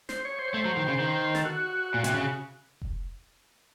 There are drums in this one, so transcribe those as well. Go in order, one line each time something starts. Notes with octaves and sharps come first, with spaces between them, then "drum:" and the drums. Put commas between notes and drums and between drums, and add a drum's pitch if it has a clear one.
C5, drum: snare
C#5
C5
C#5
A3 C5
F#3
D#3
C#3
D#3
A4, drum: snare
F#4
A#2
C3, drum: hi-hat
C#3
drum: kick F1